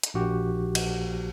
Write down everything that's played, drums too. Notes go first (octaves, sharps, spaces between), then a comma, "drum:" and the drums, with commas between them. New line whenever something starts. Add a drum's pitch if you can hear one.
drum: hi-hat
A#1 F#4 G4
drum: cymbal